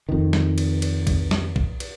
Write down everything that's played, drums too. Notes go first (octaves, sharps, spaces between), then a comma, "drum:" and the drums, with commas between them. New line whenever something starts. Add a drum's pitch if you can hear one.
F2 D#3
drum: snare
drum: cymbal
drum: cymbal
drum: kick B1, cymbal
drum: snare
drum: kick B1
drum: cymbal